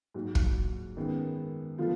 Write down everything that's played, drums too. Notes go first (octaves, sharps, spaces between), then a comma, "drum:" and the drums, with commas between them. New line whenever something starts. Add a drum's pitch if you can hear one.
A#1 G#2 F#3
drum: kick
F#2 D#3 G#3 B3
D3 F3 B3 F4